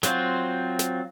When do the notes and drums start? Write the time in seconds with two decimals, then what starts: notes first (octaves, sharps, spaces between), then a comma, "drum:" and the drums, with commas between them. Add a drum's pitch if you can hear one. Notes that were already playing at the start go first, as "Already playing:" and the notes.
0.03 F#3 C4 F4 F#4 C5, drum: snare
0.79 drum: snare